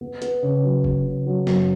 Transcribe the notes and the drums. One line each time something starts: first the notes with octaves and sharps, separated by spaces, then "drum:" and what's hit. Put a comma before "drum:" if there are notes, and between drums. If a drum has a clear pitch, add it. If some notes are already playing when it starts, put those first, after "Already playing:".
B3
B3, drum: hi-hat
C#3
F#3
B3, drum: kick F#1
C#3
F#3
F#2, drum: snare